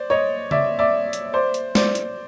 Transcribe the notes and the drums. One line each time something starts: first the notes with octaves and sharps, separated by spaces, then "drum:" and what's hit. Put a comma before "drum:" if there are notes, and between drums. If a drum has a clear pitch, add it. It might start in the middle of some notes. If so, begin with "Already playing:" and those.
Already playing: C5 D5
C#5 D#5
D5 E5, drum: tom C#3
D5 E5
drum: hi-hat
C5 D5
drum: hi-hat
C5 D5, drum: snare
drum: hi-hat